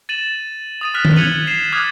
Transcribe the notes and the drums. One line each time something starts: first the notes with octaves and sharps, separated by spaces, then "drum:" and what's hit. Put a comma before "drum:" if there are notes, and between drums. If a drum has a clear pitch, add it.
A6 D#7 E7 F#7
D#6 A6 D#7
D#6 F6 F#6 B6
drum: tom D#3
F#6 G#6 C#7 D#7 F7 F#7
C7 E7
D6 D#6 F6 F#6 G#6 A6